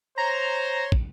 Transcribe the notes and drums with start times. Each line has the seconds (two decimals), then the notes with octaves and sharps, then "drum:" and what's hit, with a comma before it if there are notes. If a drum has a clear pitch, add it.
0.18 C5 C#5 A#5 C6
0.92 drum: kick